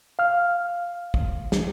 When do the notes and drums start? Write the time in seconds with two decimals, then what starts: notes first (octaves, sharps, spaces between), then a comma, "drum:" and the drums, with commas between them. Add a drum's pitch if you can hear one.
0.19 F5 F6
1.14 drum: kick
1.52 drum: snare